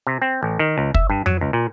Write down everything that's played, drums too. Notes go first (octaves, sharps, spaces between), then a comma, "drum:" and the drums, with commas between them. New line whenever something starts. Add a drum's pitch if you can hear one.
C3
C4
A1
D#3
C#2
E5, drum: kick
G2
F#3, drum: tom F2
C#2
A#2